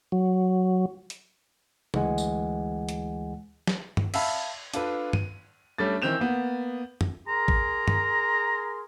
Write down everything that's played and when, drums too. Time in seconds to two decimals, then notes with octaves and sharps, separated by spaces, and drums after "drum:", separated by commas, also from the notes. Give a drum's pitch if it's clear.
0.12 F#3
1.10 drum: hi-hat
1.94 D2 E3 G#3 F#5 G#5, drum: tom
2.18 drum: tambourine
2.89 drum: hi-hat
3.67 drum: snare
3.97 drum: tom G2
4.14 E5 F5 A5 B5, drum: cymbal
4.74 D4 F4 A4 B4, drum: hi-hat
5.13 D#7, drum: tom G2
5.78 G3 A3 C#4 D4 A6
6.02 D#3 E3 C4 G6 E7 F7
6.20 A#3 B3
7.01 drum: tom F#2
7.28 G#4 A#4 A#5 C6
7.48 drum: kick A1
7.88 drum: tom G2